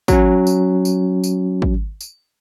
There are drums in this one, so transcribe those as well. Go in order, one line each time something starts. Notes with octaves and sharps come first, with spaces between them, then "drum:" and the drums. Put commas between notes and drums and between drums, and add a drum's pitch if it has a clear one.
F#3 C#4, drum: kick, tambourine
drum: tambourine
drum: tambourine
drum: tambourine
drum: kick
drum: tambourine